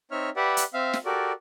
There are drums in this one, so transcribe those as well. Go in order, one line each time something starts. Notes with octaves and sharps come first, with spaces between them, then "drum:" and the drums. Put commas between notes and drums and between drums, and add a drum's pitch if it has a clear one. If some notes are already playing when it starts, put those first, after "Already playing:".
C4 D#4 C#5 E5 F6
G4 B4 D5 E5 F#5
drum: hi-hat
C4 E5 F5
drum: snare
F#4 G4 A4 A#4 D5